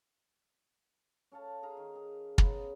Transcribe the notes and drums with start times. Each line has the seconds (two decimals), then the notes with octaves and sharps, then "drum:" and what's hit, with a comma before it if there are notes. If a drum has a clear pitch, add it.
1.32 C#4 A4 F5 A5
1.63 G#4 F5 A#5
1.77 D#3
1.95 G#4
2.38 C#3 B3 A#5, drum: kick